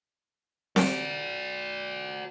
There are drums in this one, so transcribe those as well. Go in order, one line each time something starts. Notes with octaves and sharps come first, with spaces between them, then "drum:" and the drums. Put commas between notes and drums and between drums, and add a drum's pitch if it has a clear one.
F#4 D5, drum: snare C4